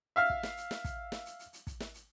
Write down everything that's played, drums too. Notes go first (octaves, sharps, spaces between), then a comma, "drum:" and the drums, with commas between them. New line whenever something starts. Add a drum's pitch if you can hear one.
E5 F5 F6
drum: kick
drum: snare
drum: hi-hat
drum: snare
drum: kick, hi-hat
drum: snare
drum: hi-hat
drum: hi-hat
drum: hi-hat
drum: kick, hi-hat
drum: snare
drum: hi-hat